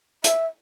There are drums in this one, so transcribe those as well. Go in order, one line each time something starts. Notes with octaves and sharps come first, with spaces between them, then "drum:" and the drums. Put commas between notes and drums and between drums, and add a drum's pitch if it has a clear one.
E5, drum: hi-hat